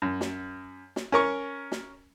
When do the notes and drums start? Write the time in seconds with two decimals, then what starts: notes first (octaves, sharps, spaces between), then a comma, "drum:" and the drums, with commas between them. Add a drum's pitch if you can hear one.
0.02 F#2
0.21 drum: snare
0.96 drum: snare
1.12 C#4 A#4 C#6
1.72 drum: snare